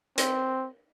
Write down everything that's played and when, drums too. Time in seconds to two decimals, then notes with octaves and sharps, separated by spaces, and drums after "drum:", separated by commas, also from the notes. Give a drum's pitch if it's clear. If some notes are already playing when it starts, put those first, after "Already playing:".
0.18 C4, drum: hi-hat